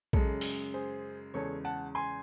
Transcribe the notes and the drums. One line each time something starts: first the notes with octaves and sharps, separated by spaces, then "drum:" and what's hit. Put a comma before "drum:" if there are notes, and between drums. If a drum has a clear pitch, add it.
F#2 C#3 G#3 A4, drum: kick
drum: open hi-hat
G#4 C5
E2 C#3 G#3 A4 C#5
F#5 A5
G#5 C6